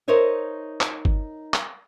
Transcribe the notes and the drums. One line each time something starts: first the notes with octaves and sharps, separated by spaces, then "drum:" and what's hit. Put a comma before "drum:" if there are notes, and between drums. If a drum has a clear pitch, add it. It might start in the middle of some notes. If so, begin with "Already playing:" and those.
D#4 A#4 C5 C#5 D#5 E5
drum: clap
drum: kick G1
drum: clap